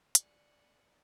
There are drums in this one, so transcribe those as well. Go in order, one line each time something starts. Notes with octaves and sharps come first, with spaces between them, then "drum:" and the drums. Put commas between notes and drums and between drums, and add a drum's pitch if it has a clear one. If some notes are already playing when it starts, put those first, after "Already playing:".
D5 F#5 G#5, drum: hi-hat